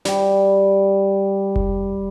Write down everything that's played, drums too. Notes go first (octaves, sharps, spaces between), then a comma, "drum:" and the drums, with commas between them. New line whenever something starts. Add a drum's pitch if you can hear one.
G3 G5, drum: snare
drum: kick F1